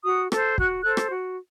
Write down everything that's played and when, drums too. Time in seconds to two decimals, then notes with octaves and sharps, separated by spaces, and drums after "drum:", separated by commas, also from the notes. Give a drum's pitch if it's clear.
0.05 F#4 D#6
0.32 A4 C5, drum: rim click
0.58 F#4 F#6, drum: kick
0.84 A4 C5 F#6
0.97 drum: rim click
1.10 F#4